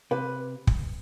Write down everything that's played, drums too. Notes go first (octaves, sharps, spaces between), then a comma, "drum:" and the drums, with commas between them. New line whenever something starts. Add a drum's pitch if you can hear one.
C3 B4
drum: kick